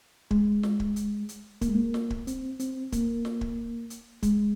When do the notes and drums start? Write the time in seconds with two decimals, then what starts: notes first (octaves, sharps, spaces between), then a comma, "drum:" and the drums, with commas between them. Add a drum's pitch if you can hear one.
0.31 G#3, drum: kick
0.63 drum: snare
0.80 drum: kick
0.96 drum: hi-hat
1.29 drum: hi-hat
1.61 A#3, drum: kick, hi-hat
1.68 G#3
1.75 A#3
1.94 drum: snare
2.10 drum: kick
2.27 C4, drum: hi-hat
2.59 C4, drum: hi-hat
2.92 A#3, drum: kick, hi-hat
3.25 drum: snare
3.41 drum: kick
3.90 drum: hi-hat
4.23 G#3, drum: kick, hi-hat